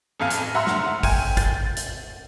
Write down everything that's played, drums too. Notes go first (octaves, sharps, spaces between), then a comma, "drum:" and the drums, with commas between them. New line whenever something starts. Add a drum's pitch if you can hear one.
A1 F2 F5 G#5
drum: hi-hat
E5 F#5 A#5 C6 E6 F6
drum: snare
G5 G#5, drum: kick, open hi-hat
G6 A6, drum: kick, hi-hat
drum: hi-hat